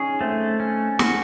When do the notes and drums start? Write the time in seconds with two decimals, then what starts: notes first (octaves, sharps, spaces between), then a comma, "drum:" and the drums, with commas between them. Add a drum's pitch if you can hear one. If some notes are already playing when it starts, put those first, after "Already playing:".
Already playing: C#4 D#4 G#4
0.21 A3 C4
0.60 C#4
0.99 F#4, drum: snare